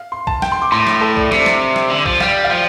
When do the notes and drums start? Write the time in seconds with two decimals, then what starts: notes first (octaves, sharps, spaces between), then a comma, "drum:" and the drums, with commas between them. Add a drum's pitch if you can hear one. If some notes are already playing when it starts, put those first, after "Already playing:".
Already playing: F5
0.12 C6
0.27 A5, drum: kick
0.42 G5, drum: snare
0.52 C6
0.62 D6
0.72 A2 C6
0.87 drum: snare
1.01 A4
1.17 D5, drum: kick
1.32 C3 D5, drum: snare
1.46 drum: snare
1.76 drum: snare
1.90 D3
2.06 F3, drum: kick
2.20 G3 F5, drum: snare
2.44 F5
2.50 F3 G5